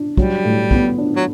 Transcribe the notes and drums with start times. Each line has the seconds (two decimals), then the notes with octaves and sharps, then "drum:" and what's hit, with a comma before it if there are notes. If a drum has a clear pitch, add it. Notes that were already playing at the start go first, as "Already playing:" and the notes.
Already playing: D4
0.17 F#3 G3, drum: kick
0.44 A2
0.71 B3, drum: kick
0.98 D4
1.16 F#3